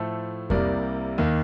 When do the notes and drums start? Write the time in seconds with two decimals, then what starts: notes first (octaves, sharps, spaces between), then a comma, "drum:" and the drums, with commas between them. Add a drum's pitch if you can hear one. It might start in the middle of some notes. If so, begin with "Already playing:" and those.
Already playing: A2 F3 A3 A4 C5
0.50 C2 C3 G3 A#3 A#4 D5, drum: kick F2
1.18 D#2 D#3 A#3